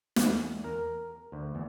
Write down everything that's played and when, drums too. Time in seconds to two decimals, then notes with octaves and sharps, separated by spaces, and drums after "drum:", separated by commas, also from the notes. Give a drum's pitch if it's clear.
0.16 E2, drum: snare
0.64 A#4
1.32 D2
1.55 E2